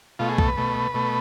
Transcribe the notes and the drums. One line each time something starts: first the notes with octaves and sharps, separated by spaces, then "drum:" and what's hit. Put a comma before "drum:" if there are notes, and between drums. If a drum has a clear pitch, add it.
B2 A3 F4
G#4
A4, drum: kick B1
B4
B2 A3
B2 A3